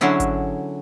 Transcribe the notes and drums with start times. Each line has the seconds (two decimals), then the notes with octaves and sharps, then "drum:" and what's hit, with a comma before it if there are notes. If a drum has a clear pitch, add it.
0.01 D3 F#3 C#4 E4 G#4
0.20 drum: kick G#1, hi-hat